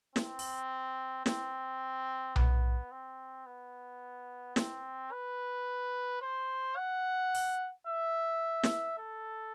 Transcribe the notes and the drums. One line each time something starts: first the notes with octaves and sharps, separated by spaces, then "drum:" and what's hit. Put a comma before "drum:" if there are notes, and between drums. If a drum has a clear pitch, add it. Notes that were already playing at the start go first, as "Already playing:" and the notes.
C4, drum: snare
drum: open hi-hat
C4, drum: snare
B3, drum: tom B1
C4
B3
C4, drum: snare
B4
C5
F#5
drum: open hi-hat
E5
drum: snare
A4